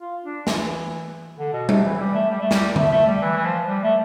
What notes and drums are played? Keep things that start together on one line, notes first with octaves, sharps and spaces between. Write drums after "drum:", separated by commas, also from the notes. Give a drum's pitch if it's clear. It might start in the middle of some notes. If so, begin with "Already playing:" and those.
F4
D4
E3, drum: snare
D3
B2
C3, drum: tom G3
E3
G3
A3
G3
A3
G3, drum: snare
A3, drum: tom D3
A3
G3
E3
E3
F3
G3
A3